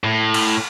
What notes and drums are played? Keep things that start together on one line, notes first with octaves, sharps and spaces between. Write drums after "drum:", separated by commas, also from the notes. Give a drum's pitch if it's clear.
A2
drum: cymbal